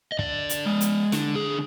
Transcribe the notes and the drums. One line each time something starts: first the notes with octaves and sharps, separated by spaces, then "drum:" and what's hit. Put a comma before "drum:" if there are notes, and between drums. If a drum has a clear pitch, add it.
D#5
D3 D5, drum: kick
drum: hi-hat
G#3
drum: hi-hat
D3, drum: snare
G#4